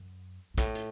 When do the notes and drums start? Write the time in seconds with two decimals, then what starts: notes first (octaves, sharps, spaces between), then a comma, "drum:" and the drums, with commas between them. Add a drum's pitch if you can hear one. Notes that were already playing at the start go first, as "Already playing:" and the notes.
Already playing: F#2
0.54 G2
0.58 A2, drum: kick, hi-hat
0.75 drum: hi-hat